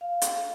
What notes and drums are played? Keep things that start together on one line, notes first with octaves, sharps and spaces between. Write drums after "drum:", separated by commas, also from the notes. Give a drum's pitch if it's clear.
F5
drum: hi-hat